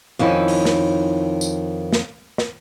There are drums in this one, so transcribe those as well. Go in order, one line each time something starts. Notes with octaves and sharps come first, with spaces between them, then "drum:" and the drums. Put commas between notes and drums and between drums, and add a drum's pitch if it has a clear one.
F2 D#3 C#4 E4
drum: open hi-hat
drum: snare
drum: tambourine
drum: snare
drum: snare